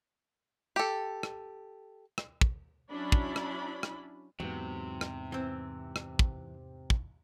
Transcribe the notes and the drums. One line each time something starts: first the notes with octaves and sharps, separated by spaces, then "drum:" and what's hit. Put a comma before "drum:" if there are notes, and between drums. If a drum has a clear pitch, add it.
G4 A4
drum: rim click
drum: rim click
drum: kick
F#3 C#4 D4 E4 B5
drum: kick
drum: rim click
drum: rim click
E2 G#2 C3 F#3 B3
drum: rim click
E3 C4
drum: rim click
drum: kick
drum: kick